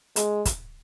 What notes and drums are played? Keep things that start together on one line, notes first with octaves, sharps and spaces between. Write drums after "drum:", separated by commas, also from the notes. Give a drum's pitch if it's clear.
G#3, drum: hi-hat
drum: kick, hi-hat